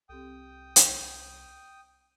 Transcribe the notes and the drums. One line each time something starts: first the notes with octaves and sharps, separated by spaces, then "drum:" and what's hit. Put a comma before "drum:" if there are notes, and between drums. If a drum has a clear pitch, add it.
C2 C4 G4 A4 G5 D#6
drum: hi-hat